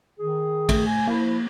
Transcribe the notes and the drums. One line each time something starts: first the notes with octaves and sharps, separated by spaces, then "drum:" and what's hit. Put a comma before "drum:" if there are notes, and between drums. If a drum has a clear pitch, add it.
D#3 G#4
A3, drum: kick, cymbal
G#5
F3 A#3 E4